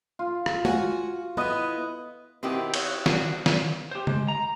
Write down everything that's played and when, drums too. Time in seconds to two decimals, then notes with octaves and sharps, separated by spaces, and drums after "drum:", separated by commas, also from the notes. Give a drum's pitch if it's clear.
0.19 F4
0.46 drum: rim click
0.65 F#4 F#5 G#5, drum: tom G#3
1.37 B3 E4 B4 D#5
2.43 B2 D#3 C4 E4 G4
2.74 F#4 C#5, drum: cymbal
3.06 C3 D4 F#4, drum: snare
3.46 drum: snare
3.91 G4 C5
4.07 G#3, drum: tom C#3
4.28 A#5